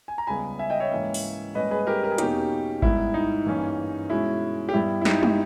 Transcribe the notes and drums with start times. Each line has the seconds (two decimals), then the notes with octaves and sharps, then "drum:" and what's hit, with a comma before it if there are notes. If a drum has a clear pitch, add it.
0.08 G#5
0.18 A#5
0.27 C#2 C#3 G3 B3 G#5 B5
0.59 E5 G#5
0.70 D#5 G5
0.80 C#5 E5
0.91 G#2 E3 A#3 C#4
1.14 drum: open hi-hat
1.55 G#2 G3 A#3 C#4 B4 D#5
1.71 G#4 B4
1.87 G4 A#4
2.04 A#4
2.11 G#4
2.18 E2 B2 A#3 C#4 D#4 G4, drum: hi-hat
2.82 G#2 G3 B3 E4, drum: kick G#1
3.14 D#4
3.46 G2 E3 A#3 C#4
4.10 B2 G#3 C#4 E4
4.69 G4
4.73 G2 G3 B3 E4
5.01 E4
5.05 D#4 G4, drum: snare
5.23 drum: tom